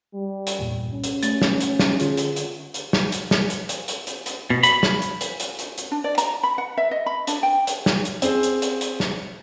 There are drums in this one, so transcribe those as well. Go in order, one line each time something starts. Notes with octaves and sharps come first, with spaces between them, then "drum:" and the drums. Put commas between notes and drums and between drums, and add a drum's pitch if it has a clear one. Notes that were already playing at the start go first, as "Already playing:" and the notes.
G3
drum: hi-hat
E2 G2 A#2
C2 C#4
drum: hi-hat
A3 A6, drum: hi-hat
drum: snare
drum: hi-hat
drum: snare
D3 F4 G#4, drum: hi-hat
drum: hi-hat
drum: hi-hat
drum: hi-hat
drum: snare
drum: hi-hat
drum: snare
drum: hi-hat
drum: hi-hat
drum: hi-hat
drum: hi-hat
drum: hi-hat
B2
B5, drum: hi-hat
drum: snare
drum: hi-hat
drum: hi-hat
drum: hi-hat
drum: hi-hat
drum: hi-hat
D4
D5
A#5, drum: hi-hat
B5
F#5
E5
D#5
B5
D4, drum: hi-hat
G5
drum: hi-hat
drum: snare
drum: hi-hat
C4 G#4, drum: hi-hat
drum: hi-hat
drum: hi-hat
drum: hi-hat
drum: snare